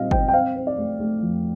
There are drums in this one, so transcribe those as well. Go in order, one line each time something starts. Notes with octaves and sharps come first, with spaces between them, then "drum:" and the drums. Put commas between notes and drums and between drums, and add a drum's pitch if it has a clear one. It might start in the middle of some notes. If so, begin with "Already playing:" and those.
Already playing: A#2 G3 C4 D#5 F5
C4 G5, drum: kick G1
G5
C4 F5
C4
D5
A3
A3
F2